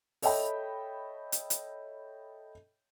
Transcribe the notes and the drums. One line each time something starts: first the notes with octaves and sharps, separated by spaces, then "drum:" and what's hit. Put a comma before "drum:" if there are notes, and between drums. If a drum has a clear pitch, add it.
A4 C#5 D#5 E5 G5 B5, drum: open hi-hat
drum: hi-hat
drum: hi-hat